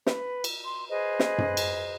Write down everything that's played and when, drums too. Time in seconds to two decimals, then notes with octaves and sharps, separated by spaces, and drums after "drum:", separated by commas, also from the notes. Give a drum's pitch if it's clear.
0.06 B4, drum: snare
0.44 drum: cymbal
0.65 C6
0.89 G#4 B4 C5 D#5
1.19 drum: snare
1.38 drum: tom F#2
1.57 drum: cymbal